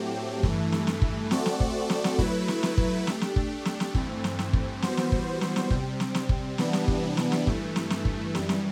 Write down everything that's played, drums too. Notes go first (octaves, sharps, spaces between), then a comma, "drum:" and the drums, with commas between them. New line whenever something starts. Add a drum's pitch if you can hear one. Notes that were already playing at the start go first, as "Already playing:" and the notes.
Already playing: A2 F#3 A3 C4 G4
G2 E3 A3, drum: kick
drum: snare
drum: snare
drum: kick
A3 C4 F#4 A4 D5, drum: snare
drum: snare
drum: kick
drum: snare
drum: snare
F#3 A3 E4 B4, drum: kick
drum: snare
drum: snare
drum: kick
A3 D4 G4, drum: snare
drum: snare
drum: kick
drum: snare
drum: snare
G2 E3 A3 C4, drum: kick
drum: snare
drum: snare
drum: kick
E3 G3 B3 F#4 C5, drum: snare
drum: snare
drum: kick
drum: snare
drum: snare
C3 G3 C4, drum: kick
drum: snare
drum: snare
drum: kick
C3 E3 G3 B3 D4, drum: snare
drum: snare
drum: kick
drum: snare
drum: snare
G2 E3 A3, drum: kick
drum: snare
drum: snare
drum: kick
F#2 E3 G3, drum: snare
drum: snare